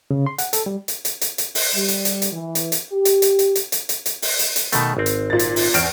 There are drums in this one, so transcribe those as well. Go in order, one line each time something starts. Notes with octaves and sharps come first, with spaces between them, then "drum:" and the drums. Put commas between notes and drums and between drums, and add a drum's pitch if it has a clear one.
C#3
C6
F#5, drum: hi-hat
A4, drum: hi-hat
G3
drum: hi-hat
drum: hi-hat
drum: hi-hat
drum: hi-hat
drum: open hi-hat
G3
drum: hi-hat
drum: hi-hat
drum: hi-hat
E3
drum: hi-hat
drum: hi-hat
G4
drum: hi-hat
drum: hi-hat
drum: hi-hat
drum: hi-hat
drum: hi-hat
drum: hi-hat
drum: hi-hat
drum: open hi-hat
drum: hi-hat
drum: hi-hat
B2 D#3 A3, drum: hi-hat
G#1 C4
drum: hi-hat
A#2 A6
drum: hi-hat
drum: open hi-hat
E2 C4 F6 D7, drum: hi-hat